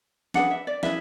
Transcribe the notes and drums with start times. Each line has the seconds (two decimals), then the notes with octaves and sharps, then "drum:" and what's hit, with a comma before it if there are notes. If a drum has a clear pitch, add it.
0.34 D4 G#4 B4 F#5, drum: snare
0.51 E5
0.67 D5
0.83 E4 G#4 B4 E5, drum: snare